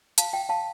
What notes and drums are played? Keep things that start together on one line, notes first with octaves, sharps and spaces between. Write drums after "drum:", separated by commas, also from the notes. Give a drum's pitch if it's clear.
F5 A5, drum: hi-hat
E5 G5
F5 A5